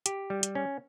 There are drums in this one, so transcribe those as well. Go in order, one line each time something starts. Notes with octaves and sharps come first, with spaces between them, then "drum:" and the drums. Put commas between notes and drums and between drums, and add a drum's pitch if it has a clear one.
G4, drum: hi-hat
G3
drum: hi-hat
C#4